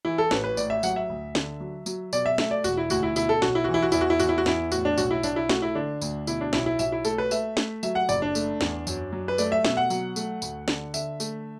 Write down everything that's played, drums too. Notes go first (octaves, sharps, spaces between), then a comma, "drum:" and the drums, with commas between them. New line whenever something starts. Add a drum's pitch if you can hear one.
E3 E4
A4
A1 B4, drum: snare
B4
A2 D5, drum: tambourine
E5
F#3 F#5, drum: tambourine
E5
D2
D3, drum: snare
F#3
F#3, drum: tambourine
B2 D5, drum: tambourine
E5
A3 E5, drum: snare
D5
E1 F#4, drum: tambourine
E4
D2 F#4, drum: tambourine
E4
B2 E4, drum: tambourine
A4
B1 F#4, drum: snare
E4
E3 F#4
E4
F#4
E2 E4, drum: tambourine
F#4
E4
E2 F#4, drum: tambourine
E4
F#4
E2 E4, drum: snare
A2 F#4, drum: tambourine
D4
B1 F#4, drum: tambourine
E4
B1 D4, drum: tambourine
E4
A3 F#4, drum: snare
E4
D3 D4
D2, drum: tambourine
B2 E4, drum: tambourine
D4
B1 E4, drum: snare
E4
B1 E5, drum: tambourine
E4
A3 A4, drum: tambourine
B4
A3 E5, drum: tambourine
A3, drum: snare
F#3 E5, drum: tambourine
F#5
F#1 D5, drum: tambourine
D4
A3, drum: tambourine
E2, drum: snare
F#2, drum: tambourine
F#3
B4
A3 D5, drum: tambourine
E5
B2 E5, drum: snare
F#5
F#3, drum: tambourine
A3, drum: tambourine
D2, drum: tambourine
D3, drum: snare
D3 E5, drum: tambourine
A3, drum: tambourine